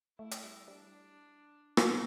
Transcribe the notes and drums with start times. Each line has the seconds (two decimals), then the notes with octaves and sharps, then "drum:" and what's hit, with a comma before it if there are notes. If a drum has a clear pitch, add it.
0.19 A3 E4
0.31 drum: hi-hat
0.44 G3
0.68 G3 D4
1.77 drum: rim click